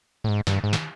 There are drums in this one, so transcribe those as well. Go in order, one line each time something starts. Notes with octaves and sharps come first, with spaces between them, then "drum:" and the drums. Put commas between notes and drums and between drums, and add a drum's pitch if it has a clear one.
A2
G#2
G2, drum: snare
G#2
drum: snare